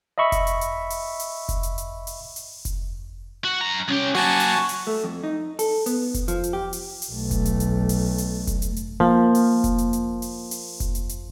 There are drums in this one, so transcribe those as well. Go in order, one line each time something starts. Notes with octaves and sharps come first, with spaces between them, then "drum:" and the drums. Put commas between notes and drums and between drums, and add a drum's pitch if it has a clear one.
D#5 E5 B5 C#6 E6
drum: kick F1, hi-hat
drum: hi-hat
drum: hi-hat
drum: open hi-hat
drum: open hi-hat
drum: kick F1, hi-hat
drum: hi-hat
drum: hi-hat
drum: open hi-hat
drum: open hi-hat
drum: kick F1, hi-hat
F#4
F#2 A#5
C2 C#4 G4
F#3 A#3 F#4 G#5 A5 C#6
drum: open hi-hat
drum: open hi-hat
A3
F2
D#4
A4, drum: open hi-hat
B3, drum: open hi-hat
drum: kick F1, hi-hat
F3, drum: hi-hat
drum: hi-hat
G4
drum: open hi-hat
drum: open hi-hat
B1 A3
drum: kick F1, hi-hat
drum: hi-hat
drum: hi-hat
drum: open hi-hat
drum: open hi-hat
drum: kick F1, hi-hat
drum: hi-hat
drum: hi-hat
F3 A#3
drum: open hi-hat
drum: kick F1, hi-hat
drum: hi-hat
drum: hi-hat
drum: open hi-hat
drum: open hi-hat
drum: kick F1, hi-hat
drum: hi-hat
drum: hi-hat